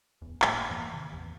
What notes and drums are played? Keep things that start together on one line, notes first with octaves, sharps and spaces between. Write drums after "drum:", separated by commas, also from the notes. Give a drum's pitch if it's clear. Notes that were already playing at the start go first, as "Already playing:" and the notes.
D1 E2
F#1 A2 A#3, drum: clap
E2 G2 E3 A#3
C3 D#3
A1 E2 E3